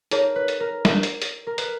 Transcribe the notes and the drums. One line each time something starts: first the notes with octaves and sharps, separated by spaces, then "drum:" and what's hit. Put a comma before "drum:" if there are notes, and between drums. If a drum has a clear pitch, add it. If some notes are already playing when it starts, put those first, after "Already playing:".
D#4 G#4 A#4 C#5, drum: hi-hat
B4
drum: hi-hat
A#4
drum: snare
drum: hi-hat
drum: hi-hat
A#4
B4, drum: hi-hat